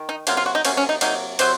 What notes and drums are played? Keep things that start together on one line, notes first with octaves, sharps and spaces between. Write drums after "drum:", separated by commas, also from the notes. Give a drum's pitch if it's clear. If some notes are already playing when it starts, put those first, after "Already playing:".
Already playing: D#3
D#4
C3 F#3 A#3 F4, drum: cymbal
F4
F#4
D#4
C3 F#3 A#3 C#4, drum: cymbal
C#4
D#4
C3 F#3 A#3 D#4, drum: cymbal
C3 F#3 C5, drum: cymbal